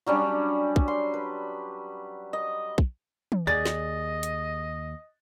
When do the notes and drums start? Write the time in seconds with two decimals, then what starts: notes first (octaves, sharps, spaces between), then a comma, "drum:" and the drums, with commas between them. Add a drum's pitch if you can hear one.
0.06 F#3 G3 C#4 D4
0.76 drum: kick
0.88 C6
1.14 B4
2.33 D#5
2.78 drum: kick
3.32 drum: tom
3.47 D#2 G#4 D5 D#5 A6
3.66 drum: snare
4.23 drum: hi-hat